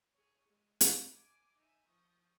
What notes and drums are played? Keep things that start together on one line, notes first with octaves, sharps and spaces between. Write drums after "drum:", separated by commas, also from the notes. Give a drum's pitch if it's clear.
G#4 C#5
G#3
D#4, drum: hi-hat
G#5 D6
D#4 E5 G#5
F3 C#6 D#6